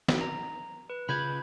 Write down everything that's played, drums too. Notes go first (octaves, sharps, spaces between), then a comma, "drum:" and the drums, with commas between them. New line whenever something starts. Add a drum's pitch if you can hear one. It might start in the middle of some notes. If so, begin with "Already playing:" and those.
drum: snare
A#5
B4
C#3 F4 B4 B5 G6 G#6